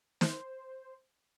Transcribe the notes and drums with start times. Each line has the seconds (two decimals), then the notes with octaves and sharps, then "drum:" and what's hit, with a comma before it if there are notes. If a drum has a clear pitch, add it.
0.21 C5, drum: snare